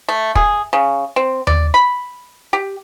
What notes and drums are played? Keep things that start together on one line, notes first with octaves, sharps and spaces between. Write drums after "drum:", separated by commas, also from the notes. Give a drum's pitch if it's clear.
A3
G#4, drum: kick
C#3
C4
D5, drum: tom D#2
B5
G4